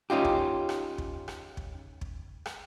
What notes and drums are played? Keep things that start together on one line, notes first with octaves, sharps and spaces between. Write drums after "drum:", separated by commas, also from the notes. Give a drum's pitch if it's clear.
C#4 D#4 F4 G4
drum: kick
drum: rim click
drum: kick
drum: rim click
drum: kick
drum: kick
drum: rim click